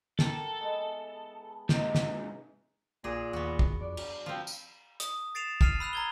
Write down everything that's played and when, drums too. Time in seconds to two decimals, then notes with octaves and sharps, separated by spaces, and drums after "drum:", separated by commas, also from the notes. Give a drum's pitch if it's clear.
0.19 G4 A4 A#4 F#5, drum: snare
0.60 G#3 B3 E4
1.69 G#2 C3 D#4 E5, drum: snare
1.95 drum: snare
3.04 A#1 A#2 G#4
3.33 D#2 B3 F#4
3.59 drum: kick
3.81 F2 D4
3.97 F#3, drum: cymbal
4.26 F3 C4
4.47 drum: tambourine
5.00 D#6, drum: hi-hat
5.35 A6 C7 D7 E7 F7
5.61 A5 F6 C7 D#7 F7, drum: kick
5.80 B5 E6 F#6 F7
5.93 A#5 G#6 G7